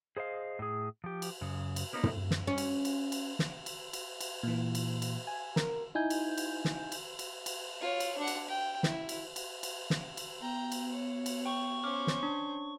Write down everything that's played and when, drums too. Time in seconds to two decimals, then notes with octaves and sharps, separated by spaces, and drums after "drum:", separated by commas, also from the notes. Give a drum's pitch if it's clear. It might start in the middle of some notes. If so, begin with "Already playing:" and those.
0.17 G#4 C5 D#5 F5
0.59 A2 G#4
1.04 F3 G4
1.22 drum: cymbal
1.41 F#2 C#3
1.76 drum: cymbal
1.93 A#3 B3 C#4 D#4
2.03 drum: tom
2.31 drum: snare
2.47 C#4
2.58 drum: cymbal
2.85 drum: cymbal
3.12 drum: cymbal
3.39 drum: snare
3.66 drum: cymbal
3.93 drum: cymbal
4.21 drum: cymbal
4.43 A#2 E3
4.75 drum: cymbal
5.02 drum: cymbal
5.27 G#5
5.56 A#4, drum: snare
5.95 D#4 E4 G#5 G6
6.10 drum: cymbal
6.38 drum: cymbal
6.65 drum: snare
6.92 drum: cymbal
7.19 drum: cymbal
7.46 drum: cymbal
7.81 F4 C#5
8.00 drum: cymbal
8.18 D4 F#5
8.27 drum: cymbal
8.48 G5
8.83 E4, drum: snare
9.09 drum: cymbal
9.36 drum: cymbal
9.63 drum: cymbal
9.90 drum: snare
10.17 drum: cymbal
10.41 B3 G5 A#5
10.72 drum: cymbal
10.92 C#5
11.26 drum: cymbal
11.46 G5 C#6
11.84 C#4 C5 D6 F6
12.07 drum: snare
12.23 D4